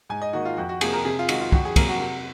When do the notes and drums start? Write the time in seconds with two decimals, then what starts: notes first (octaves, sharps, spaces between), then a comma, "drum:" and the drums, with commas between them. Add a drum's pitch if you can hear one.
0.10 G#2 G#5
0.22 D#5
0.33 D#3 A#3 F#4
0.45 F4
0.57 F2 F#4
0.69 F#4
0.81 C3 F3 A#3 G#4, drum: cymbal
0.93 A#4
1.05 C3 G#4
1.19 F4
1.29 D#3 G#3 F#4, drum: cymbal
1.41 F4
1.52 F2 F#4, drum: kick
1.65 G#4
1.76 C3 F#3 A#3 A#4, drum: kick, cymbal
1.88 F#4
2.00 C3